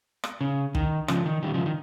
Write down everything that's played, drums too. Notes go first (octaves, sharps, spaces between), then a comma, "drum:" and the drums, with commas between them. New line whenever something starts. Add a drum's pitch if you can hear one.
drum: rim click
C#3
D#3, drum: kick
C#3 F3, drum: rim click
D#3
D#3 G3
C#3 F3
D#3